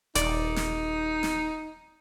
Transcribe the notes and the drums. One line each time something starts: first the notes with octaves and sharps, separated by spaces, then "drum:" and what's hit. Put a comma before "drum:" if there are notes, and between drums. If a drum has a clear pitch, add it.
D#1 D#4 D5, drum: hi-hat
drum: snare
drum: snare